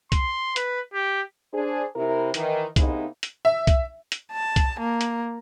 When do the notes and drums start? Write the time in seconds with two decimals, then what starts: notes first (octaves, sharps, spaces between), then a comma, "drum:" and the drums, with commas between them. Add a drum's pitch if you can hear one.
0.12 C6, drum: kick, hi-hat
0.56 B4, drum: hi-hat
0.94 G4
1.53 D4 G#4 C5
1.96 C3 E4 A#4
2.34 D#3 E3, drum: hi-hat
2.76 C3 A#3 B3 D#4 E4 G#4, drum: kick, hi-hat
3.23 drum: hi-hat
3.45 E5
3.67 drum: kick, hi-hat
4.12 drum: hi-hat
4.33 A5
4.56 drum: kick, hi-hat
4.80 A#3
5.01 drum: hi-hat